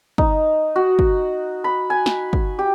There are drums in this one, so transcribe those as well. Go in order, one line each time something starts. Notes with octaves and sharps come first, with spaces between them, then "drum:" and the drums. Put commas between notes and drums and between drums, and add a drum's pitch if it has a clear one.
D#4, drum: kick
F#4
drum: kick
B5
G#5
drum: snare
drum: kick
G4